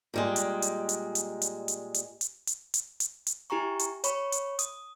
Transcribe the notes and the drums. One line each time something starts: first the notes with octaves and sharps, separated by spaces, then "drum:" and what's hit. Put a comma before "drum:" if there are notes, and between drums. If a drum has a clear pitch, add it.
A#2 G3 G#3
drum: hi-hat
drum: hi-hat
drum: hi-hat
drum: hi-hat
drum: hi-hat
drum: hi-hat
drum: hi-hat
drum: hi-hat
drum: hi-hat
drum: hi-hat
drum: hi-hat
drum: hi-hat
E4 G4 G#5 A#5 C#6
drum: hi-hat
C#5 B5 C#6, drum: hi-hat
drum: hi-hat
D#6, drum: hi-hat